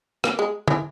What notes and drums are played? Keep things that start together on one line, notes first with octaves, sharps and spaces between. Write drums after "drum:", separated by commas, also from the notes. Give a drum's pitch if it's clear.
A#3, drum: rim click
G#3
E3, drum: tom